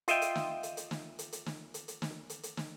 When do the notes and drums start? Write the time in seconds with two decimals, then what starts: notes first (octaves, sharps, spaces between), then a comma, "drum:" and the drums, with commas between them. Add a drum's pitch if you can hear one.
0.08 F4 D#5 E5 G5, drum: hi-hat
0.22 drum: hi-hat
0.35 drum: snare
0.63 drum: hi-hat
0.77 drum: hi-hat
0.91 drum: snare
1.19 drum: hi-hat
1.32 drum: hi-hat
1.46 drum: snare
1.74 drum: hi-hat
1.88 drum: hi-hat
2.02 drum: snare
2.30 drum: hi-hat
2.43 drum: hi-hat
2.57 drum: snare